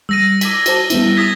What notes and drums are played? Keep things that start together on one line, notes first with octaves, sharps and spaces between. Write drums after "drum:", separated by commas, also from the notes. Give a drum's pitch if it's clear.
G3 E6 A#6 D#7
D6 G#6 B6, drum: cymbal
F#4 C5 A5, drum: cymbal
G3 B3 E4, drum: cymbal
D#6 G#6 A6 B6